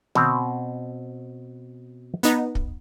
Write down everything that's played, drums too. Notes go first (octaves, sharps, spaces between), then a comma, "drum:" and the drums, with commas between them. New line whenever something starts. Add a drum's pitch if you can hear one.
B2 C4, drum: tom D3
B3 D#4, drum: hi-hat
drum: kick